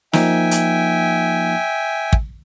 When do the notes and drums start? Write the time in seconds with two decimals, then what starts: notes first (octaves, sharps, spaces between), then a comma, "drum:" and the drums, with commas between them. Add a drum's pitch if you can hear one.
0.13 F3 A#3 D#4 E5 G5 G#5, drum: snare
0.51 drum: hi-hat
2.13 drum: kick